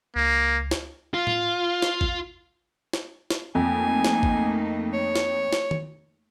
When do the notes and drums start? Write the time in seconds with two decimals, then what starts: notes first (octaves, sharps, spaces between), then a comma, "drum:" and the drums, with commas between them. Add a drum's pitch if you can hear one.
0.16 C#2 A#3
0.71 drum: snare
1.14 F4
1.27 drum: tom A2
1.82 drum: snare
2.01 drum: kick
2.93 drum: snare
3.30 drum: snare
3.55 F2 A3 A#3 D#4 G#5
4.04 drum: snare
4.23 drum: kick
4.93 C#5
5.16 drum: snare
5.53 drum: snare
5.71 drum: tom D#3